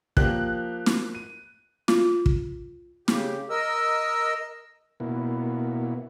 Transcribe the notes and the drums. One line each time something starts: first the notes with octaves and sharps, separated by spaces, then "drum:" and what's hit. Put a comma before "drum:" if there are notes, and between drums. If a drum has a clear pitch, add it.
F3 A#3 G4 F#6, drum: kick
drum: snare
D#7
F4, drum: snare
drum: kick
C#3 G4, drum: snare
A#4 D#5 E6
B2 A#3 B3 E4